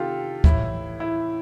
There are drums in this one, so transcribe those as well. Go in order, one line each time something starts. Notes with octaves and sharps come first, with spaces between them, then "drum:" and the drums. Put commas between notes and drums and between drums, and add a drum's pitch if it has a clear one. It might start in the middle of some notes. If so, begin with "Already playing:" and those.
Already playing: C3 D#3 F4 G4 A4
A2 E3 E4, drum: kick
E4